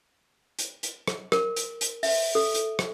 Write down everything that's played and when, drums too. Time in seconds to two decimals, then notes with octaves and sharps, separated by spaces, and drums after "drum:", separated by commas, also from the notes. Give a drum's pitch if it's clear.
0.59 drum: hi-hat
0.83 drum: hi-hat
1.08 drum: rim click
1.32 A#4, drum: rim click
1.56 drum: hi-hat
1.81 drum: hi-hat
2.03 E5, drum: open hi-hat
2.35 A4
2.54 drum: hi-hat
2.79 drum: rim click